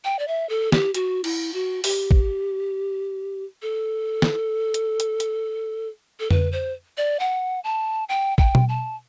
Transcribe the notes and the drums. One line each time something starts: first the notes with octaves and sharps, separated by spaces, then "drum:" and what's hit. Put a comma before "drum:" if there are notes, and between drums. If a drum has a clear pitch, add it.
G5
D5
E5
A4
G4, drum: snare
F#4, drum: hi-hat
E4, drum: cymbal
F#4
G4, drum: open hi-hat
drum: kick
A4
drum: snare
drum: hi-hat
drum: hi-hat
drum: hi-hat
A4
B4, drum: tom F2
C5
D5
F#5
A5
G5
G5, drum: kick
drum: tom B2
A5